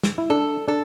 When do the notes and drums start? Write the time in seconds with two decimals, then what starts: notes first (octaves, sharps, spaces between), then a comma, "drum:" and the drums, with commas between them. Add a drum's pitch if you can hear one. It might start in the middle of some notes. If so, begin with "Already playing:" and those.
0.03 drum: snare
0.18 E4
0.30 D4 A4
0.68 D4 A4